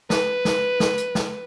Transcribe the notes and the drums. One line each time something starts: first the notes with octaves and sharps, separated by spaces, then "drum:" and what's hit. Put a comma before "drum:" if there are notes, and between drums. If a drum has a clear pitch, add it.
B4, drum: snare
drum: snare
drum: snare
drum: hi-hat
drum: snare